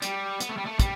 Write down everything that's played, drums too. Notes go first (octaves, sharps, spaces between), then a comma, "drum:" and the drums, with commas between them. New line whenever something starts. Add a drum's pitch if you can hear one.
G3, drum: hi-hat
B3, drum: hi-hat
A3
G3
A3
G3, drum: kick, hi-hat